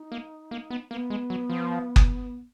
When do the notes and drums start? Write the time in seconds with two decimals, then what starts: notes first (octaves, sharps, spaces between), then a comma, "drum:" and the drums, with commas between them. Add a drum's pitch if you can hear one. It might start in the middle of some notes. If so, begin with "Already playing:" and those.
Already playing: D#4
0.12 A#3
0.51 A#3
0.70 B3
0.90 A#3 B3
1.10 G#3
1.30 F#3
1.50 F3
1.96 drum: kick F#1